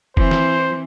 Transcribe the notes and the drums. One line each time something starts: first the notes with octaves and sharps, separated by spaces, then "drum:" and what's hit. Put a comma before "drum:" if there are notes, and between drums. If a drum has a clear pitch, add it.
E3 C4 C5, drum: kick
drum: snare